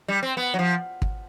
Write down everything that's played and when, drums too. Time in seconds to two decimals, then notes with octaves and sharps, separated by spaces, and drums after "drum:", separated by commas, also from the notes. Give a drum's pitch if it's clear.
0.08 G3
0.23 C4
0.37 B3
0.54 F#3
0.59 F3
1.02 drum: kick